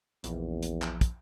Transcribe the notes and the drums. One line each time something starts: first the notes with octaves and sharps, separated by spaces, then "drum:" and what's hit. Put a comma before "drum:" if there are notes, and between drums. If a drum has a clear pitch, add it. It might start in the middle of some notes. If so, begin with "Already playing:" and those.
A#1 E2, drum: hi-hat
drum: hi-hat
drum: clap
drum: kick, hi-hat